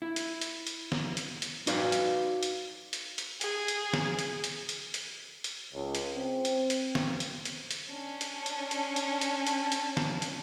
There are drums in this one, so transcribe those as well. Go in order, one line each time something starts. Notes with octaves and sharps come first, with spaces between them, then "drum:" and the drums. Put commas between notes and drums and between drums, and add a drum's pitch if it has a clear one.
E4
drum: hi-hat
drum: hi-hat
drum: hi-hat
drum: snare
drum: hi-hat
drum: hi-hat
D#4 F#4 B4 D5 F5, drum: hi-hat
drum: hi-hat
drum: hi-hat
drum: hi-hat
drum: hi-hat
G#4, drum: hi-hat
drum: hi-hat
drum: snare
drum: hi-hat
drum: hi-hat
drum: hi-hat
drum: hi-hat
drum: hi-hat
C#2
drum: hi-hat
C4
drum: hi-hat
drum: hi-hat
drum: snare
drum: hi-hat
drum: hi-hat
drum: hi-hat
C#4 D4
drum: hi-hat
drum: hi-hat
drum: hi-hat
drum: hi-hat
drum: hi-hat
drum: hi-hat
drum: hi-hat
drum: snare
drum: hi-hat